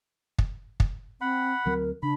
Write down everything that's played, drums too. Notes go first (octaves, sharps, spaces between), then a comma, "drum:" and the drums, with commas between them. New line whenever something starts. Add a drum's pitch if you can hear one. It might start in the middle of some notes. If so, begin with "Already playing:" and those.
drum: kick
drum: kick
C4 F#5 B5
D2 F#3 C4 A#4
C#3 D4 B5